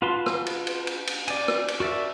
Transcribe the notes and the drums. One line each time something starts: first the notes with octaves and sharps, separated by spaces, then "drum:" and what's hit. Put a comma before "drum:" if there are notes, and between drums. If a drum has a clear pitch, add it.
F4 F#4 B4 A5 C6
drum: rim click
drum: cymbal
drum: cymbal
drum: cymbal
drum: cymbal
D5 G#5, drum: cymbal
drum: rim click
drum: cymbal
F#4 A#4 D5 E5